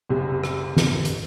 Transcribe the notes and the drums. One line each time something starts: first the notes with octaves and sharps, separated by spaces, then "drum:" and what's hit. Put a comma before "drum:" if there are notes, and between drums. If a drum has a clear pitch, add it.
F#1 C2 C3
drum: rim click
drum: snare
drum: hi-hat